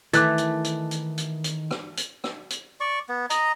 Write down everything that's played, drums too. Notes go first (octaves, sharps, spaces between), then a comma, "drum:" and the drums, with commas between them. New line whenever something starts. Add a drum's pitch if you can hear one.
D#3 E3 A3 D6 F#6 A6, drum: hi-hat
drum: hi-hat
drum: hi-hat
drum: hi-hat
drum: hi-hat
drum: hi-hat
drum: rim click
drum: hi-hat
drum: rim click
drum: hi-hat
D5 C#6
B3
D#5 A#5, drum: hi-hat